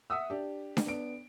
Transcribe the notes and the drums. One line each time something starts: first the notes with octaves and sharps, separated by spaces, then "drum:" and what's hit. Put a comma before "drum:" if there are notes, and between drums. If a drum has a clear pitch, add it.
E5 F#5 D#6 E6
D4 G4
drum: snare D4
B3 D4 D7